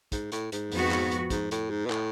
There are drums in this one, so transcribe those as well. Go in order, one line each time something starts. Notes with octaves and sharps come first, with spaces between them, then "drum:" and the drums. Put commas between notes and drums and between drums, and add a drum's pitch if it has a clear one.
G#2, drum: kick, hi-hat
A2, drum: hi-hat
G#2, drum: hi-hat
F2 F3 B3 F#4, drum: open hi-hat
drum: clap
drum: hi-hat
G#2, drum: kick, hi-hat
A2, drum: hi-hat
G#2
B2
A2, drum: clap